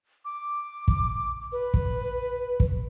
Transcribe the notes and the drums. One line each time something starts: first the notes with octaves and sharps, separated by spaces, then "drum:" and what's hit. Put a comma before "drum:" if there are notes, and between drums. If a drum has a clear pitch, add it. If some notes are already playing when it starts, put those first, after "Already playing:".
D6
drum: kick
B4
drum: kick
drum: kick